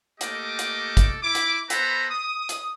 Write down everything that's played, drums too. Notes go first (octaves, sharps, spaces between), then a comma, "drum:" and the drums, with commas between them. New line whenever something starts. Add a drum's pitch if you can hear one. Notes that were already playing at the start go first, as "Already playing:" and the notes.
A3 A#3 G4 A4 D#5 D6, drum: hi-hat
drum: hi-hat
drum: kick, hi-hat
E4 D6
drum: hi-hat
B3 A4 B4 C5 A#5 B5, drum: hi-hat
D#6
drum: hi-hat